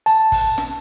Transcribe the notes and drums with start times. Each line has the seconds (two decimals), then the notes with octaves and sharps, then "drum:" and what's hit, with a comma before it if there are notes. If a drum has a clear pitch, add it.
0.06 A5, drum: hi-hat
0.32 drum: kick, open hi-hat
0.58 drum: snare